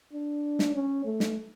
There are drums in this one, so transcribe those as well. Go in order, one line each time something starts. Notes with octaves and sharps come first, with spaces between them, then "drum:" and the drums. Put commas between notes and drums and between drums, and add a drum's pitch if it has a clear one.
D4
drum: snare
C#4
A3
drum: snare